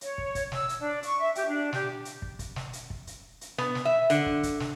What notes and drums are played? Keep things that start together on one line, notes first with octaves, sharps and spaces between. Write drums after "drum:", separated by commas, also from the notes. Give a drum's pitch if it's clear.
C#5, drum: hi-hat
drum: kick
drum: kick, hi-hat
E6, drum: snare
drum: hi-hat
D4
C#6, drum: hi-hat
E5
G4, drum: hi-hat
D4
G4, drum: snare
drum: hi-hat
drum: kick
drum: kick, hi-hat
drum: snare
drum: hi-hat
drum: kick
drum: hi-hat
drum: hi-hat
B3, drum: snare
drum: snare
E5
D3, drum: hi-hat
drum: kick
drum: kick, hi-hat
drum: snare